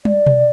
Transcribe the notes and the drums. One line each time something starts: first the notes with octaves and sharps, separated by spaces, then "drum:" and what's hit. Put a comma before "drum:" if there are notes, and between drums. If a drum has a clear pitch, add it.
D5, drum: tom
drum: tom B2